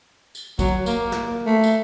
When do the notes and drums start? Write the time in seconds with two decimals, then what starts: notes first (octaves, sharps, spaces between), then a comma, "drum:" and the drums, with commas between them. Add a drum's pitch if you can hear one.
0.35 drum: tambourine
0.59 F#3, drum: kick, tambourine
0.86 A#3, drum: tambourine
1.12 drum: snare
1.46 A3
1.64 drum: tambourine